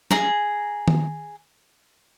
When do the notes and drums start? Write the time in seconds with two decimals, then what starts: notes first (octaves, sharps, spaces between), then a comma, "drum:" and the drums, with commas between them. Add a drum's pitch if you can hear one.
0.11 G#4 A#5, drum: snare
0.88 drum: tom D#3